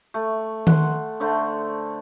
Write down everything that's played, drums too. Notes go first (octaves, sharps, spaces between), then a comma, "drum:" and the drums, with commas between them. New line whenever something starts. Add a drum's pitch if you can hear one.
A3
F#5 C6, drum: tom D#3
D3 A3 C5 C6